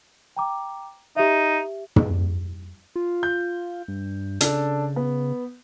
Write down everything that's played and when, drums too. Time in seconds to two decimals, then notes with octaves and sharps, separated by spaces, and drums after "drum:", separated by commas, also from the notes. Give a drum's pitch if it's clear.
0.36 G5 A#5 D6
1.16 D#4 G4 E5
1.96 drum: tom
2.96 F4
3.23 G6
3.88 G2
4.41 C#3 D4 A4, drum: hi-hat
4.96 B3